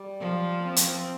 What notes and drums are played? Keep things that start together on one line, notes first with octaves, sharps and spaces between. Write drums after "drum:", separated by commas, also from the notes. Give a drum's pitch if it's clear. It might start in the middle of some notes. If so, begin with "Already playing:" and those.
Already playing: G3
F3
C4
drum: hi-hat